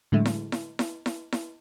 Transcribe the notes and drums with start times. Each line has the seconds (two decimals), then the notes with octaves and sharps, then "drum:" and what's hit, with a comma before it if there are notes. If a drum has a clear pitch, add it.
0.12 A2 D3 F#3 G#3 A3 E4
0.25 drum: snare E4
0.52 drum: snare E4
0.79 drum: snare E4
1.06 drum: snare E4
1.32 drum: snare E4